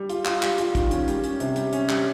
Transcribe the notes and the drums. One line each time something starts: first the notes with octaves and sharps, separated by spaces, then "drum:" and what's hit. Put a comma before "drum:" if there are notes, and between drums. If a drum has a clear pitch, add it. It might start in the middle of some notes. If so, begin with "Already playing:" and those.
Already playing: G3
F4, drum: hi-hat
F4, drum: clap
G3, drum: clap
F4, drum: hi-hat
D#3, drum: kick, hi-hat
C#4, drum: hi-hat
G3, drum: hi-hat
C#4, drum: hi-hat
C3, drum: hi-hat
G3, drum: hi-hat
C#4, drum: hi-hat
G3, drum: clap